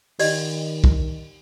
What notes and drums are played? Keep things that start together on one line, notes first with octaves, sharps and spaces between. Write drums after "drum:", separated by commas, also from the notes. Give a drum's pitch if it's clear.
D#3 G4 D5 D#5, drum: open hi-hat
drum: kick